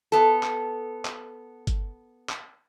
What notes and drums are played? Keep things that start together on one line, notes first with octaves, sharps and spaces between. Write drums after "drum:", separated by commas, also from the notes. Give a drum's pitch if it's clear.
B3 A4
drum: clap
drum: clap
drum: kick G1, hi-hat
drum: clap